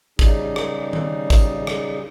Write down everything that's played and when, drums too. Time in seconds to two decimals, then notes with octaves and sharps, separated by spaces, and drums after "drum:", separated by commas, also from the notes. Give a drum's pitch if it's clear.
0.19 C#3 G3 D#4 G#4, drum: kick, tambourine
0.56 drum: rim click
0.93 drum: tom D#3
1.30 drum: kick, tambourine
1.67 drum: rim click